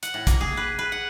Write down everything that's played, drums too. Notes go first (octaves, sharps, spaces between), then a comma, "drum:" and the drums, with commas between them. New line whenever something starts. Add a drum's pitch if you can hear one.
F#5, drum: hi-hat
A2
A#3, drum: kick, hi-hat
G#4
B4
B4
F#5